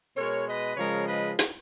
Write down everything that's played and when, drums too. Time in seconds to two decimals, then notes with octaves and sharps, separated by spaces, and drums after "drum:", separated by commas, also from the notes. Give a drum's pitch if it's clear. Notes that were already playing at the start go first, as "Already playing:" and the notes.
0.17 B2 G#3 A#4 C#5
0.47 B4 D#5
0.77 C#3 F3 G#3 A#4 C#5
1.06 B4 D#5
1.39 drum: hi-hat